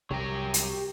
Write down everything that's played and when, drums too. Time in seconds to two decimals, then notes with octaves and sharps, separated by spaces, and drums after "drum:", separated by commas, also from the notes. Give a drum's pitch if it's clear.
0.11 C2 C3 F#3 G4 A#4
0.54 drum: hi-hat